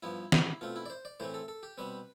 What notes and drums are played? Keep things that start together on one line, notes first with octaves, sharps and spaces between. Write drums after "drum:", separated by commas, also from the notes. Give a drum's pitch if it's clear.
G2 F3 B3 E4
E4, drum: snare
B2 A3 C4 F4
E4
D5
C5
D5
A2 E3 A3 C4 C5
A4
A4
G4
B2 G3 C4 B4